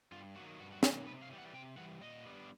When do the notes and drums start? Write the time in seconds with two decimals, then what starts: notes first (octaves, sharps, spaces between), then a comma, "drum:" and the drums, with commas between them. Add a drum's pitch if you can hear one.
0.12 G2 F4
0.35 D#3 F#3 A#3 F#4
0.60 G2 F#4
0.72 F#4
0.83 D#3 F#3 A#3 G4, drum: snare
1.06 C3 B4
1.22 F5
1.30 E3 G3
1.38 F#5
1.54 C3 G5
1.77 E3 G3 F#5
2.01 A#2 D#5
2.25 G3 B3 D4